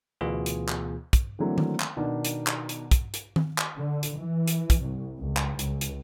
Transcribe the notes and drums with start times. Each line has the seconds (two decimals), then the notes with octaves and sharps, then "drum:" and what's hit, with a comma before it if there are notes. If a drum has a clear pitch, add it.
0.21 D2 B2 E3 B3 F4 G#4
0.46 drum: hi-hat
0.68 drum: clap
1.13 drum: kick, hi-hat
1.39 D3 E3 F#3 A3 A#3 C4
1.58 drum: tom D#3
1.80 drum: clap
1.97 B2 D#3 D4
2.25 drum: hi-hat
2.47 drum: clap
2.69 drum: hi-hat
2.91 drum: kick, hi-hat
3.14 drum: hi-hat
3.36 drum: tom D#3
3.58 drum: clap
3.77 D3
4.03 drum: hi-hat
4.18 E3
4.48 drum: hi-hat
4.70 drum: kick, hi-hat
4.81 C2
5.20 C#2
5.37 drum: clap
5.59 C#2, drum: hi-hat
5.81 drum: hi-hat